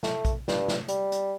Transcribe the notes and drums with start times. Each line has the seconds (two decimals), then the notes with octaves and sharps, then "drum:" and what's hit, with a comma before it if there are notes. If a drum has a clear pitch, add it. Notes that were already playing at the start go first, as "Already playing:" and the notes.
0.03 A3, drum: snare
0.25 drum: kick A#1, hi-hat
0.48 G2, drum: snare
0.68 drum: snare
0.88 G3, drum: hi-hat
1.12 drum: hi-hat